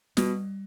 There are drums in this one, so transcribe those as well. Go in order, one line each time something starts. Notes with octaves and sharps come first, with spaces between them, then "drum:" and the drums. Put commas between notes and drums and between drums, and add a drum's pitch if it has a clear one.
B2 G3, drum: snare